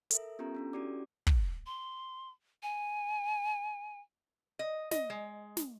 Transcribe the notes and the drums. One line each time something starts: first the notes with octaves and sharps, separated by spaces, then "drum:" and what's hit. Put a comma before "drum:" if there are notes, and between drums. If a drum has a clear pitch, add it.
A4 A#4 E5, drum: hi-hat
B3 C#4 F4 G4 A4 A#5
C#4 D4 A4
C#4 E4 F#4 G4 D5 D6
drum: kick
C6
G#5
D#5
D#5, drum: snare
G#3
drum: snare